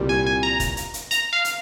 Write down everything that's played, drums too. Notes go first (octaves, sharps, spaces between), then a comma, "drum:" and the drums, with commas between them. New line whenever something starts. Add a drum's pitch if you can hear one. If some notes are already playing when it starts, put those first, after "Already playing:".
Already playing: C2 A#2 G3
G#5
G#5
A#5
drum: kick, hi-hat
drum: hi-hat
drum: hi-hat
A#5, drum: hi-hat
F5
drum: hi-hat